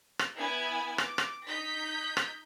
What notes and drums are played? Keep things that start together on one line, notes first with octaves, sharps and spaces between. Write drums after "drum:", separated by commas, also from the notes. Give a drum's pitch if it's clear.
drum: rim click
B3 E4 G#5 B5
D6, drum: rim click
drum: rim click
D#4 G6 B6
drum: rim click